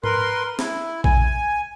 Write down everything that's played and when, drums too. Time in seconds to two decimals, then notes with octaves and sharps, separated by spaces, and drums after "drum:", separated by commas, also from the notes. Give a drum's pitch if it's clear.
0.04 A#4 B4 C6, drum: tom G#2
0.59 E4, drum: snare
1.04 G#5, drum: kick A#1